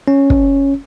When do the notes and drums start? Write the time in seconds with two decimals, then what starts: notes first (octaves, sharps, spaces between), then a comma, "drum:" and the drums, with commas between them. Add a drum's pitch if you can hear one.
0.08 C#4
0.30 drum: kick